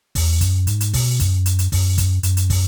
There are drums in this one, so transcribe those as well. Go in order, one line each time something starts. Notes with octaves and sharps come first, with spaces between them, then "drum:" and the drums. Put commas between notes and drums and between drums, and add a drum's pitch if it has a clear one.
E2, drum: kick, open hi-hat
F#2, drum: kick, hi-hat
G#2, drum: hi-hat
drum: hi-hat
B2, drum: kick, open hi-hat
F#2, drum: kick, hi-hat
drum: hi-hat
drum: hi-hat
F#2, drum: kick, open hi-hat
drum: kick, hi-hat
F#2, drum: hi-hat
drum: hi-hat
drum: kick, open hi-hat